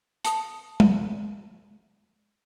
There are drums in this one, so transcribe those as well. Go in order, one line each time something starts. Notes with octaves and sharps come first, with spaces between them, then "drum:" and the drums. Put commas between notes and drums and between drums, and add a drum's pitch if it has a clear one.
A5 D#6, drum: hi-hat
drum: tom